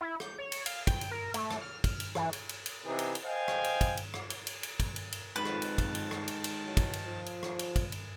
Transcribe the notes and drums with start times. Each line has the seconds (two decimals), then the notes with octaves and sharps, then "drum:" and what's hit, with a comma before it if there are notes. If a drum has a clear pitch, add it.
0.01 E4
0.20 G6, drum: rim click
0.39 C#5
0.52 drum: cymbal
0.66 F5, drum: cymbal
0.87 G5, drum: kick, cymbal
1.01 drum: cymbal
1.11 A#4
1.34 A3, drum: cymbal
1.51 drum: rim click
1.61 F6
1.84 F6, drum: kick, cymbal
2.00 drum: cymbal
2.15 E3, drum: rim click
2.33 drum: cymbal
2.49 drum: cymbal
2.66 drum: cymbal
2.86 C3 E3 B3 D#4 G#4
2.99 drum: cymbal
3.15 drum: cymbal
3.24 C5 D#5 F5 G5 G#5
3.48 drum: rim click
3.64 drum: cymbal
3.81 drum: kick, cymbal
3.97 drum: cymbal
4.14 drum: rim click
4.30 drum: cymbal
4.47 drum: cymbal
4.63 drum: cymbal
4.80 drum: kick, cymbal
4.96 drum: cymbal
5.12 drum: cymbal
5.36 F2 G#2 D#3 B4 A5
5.45 drum: rim click
5.62 drum: cymbal
5.78 drum: kick, cymbal
5.95 drum: cymbal
6.11 drum: rim click
6.28 drum: cymbal
6.44 drum: cymbal
6.65 E3 F#3
6.77 drum: kick, cymbal
6.93 drum: cymbal
7.04 F3
7.26 drum: cymbal
7.43 drum: rim click
7.59 drum: cymbal
7.76 drum: kick, cymbal
7.92 drum: cymbal